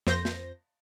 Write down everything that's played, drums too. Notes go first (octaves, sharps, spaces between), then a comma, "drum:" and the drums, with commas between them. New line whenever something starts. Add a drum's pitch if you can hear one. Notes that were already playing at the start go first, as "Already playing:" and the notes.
F2 C5 G6 A#6, drum: snare
drum: snare